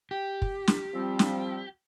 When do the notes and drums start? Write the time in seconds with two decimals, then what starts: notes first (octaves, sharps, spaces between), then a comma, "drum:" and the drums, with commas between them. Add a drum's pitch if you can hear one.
0.11 G4
0.42 drum: kick
0.67 drum: snare
0.93 F3 G3 C4
1.19 drum: snare